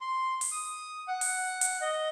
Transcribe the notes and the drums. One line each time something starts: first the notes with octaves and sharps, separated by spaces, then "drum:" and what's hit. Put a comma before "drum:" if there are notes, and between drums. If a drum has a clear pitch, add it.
C6
drum: open hi-hat
D#6
F#5
drum: open hi-hat
drum: hi-hat
D#5